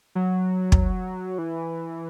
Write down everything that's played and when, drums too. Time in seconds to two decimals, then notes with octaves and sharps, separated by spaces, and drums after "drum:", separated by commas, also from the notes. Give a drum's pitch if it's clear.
0.15 F#3
0.72 drum: kick
1.38 E3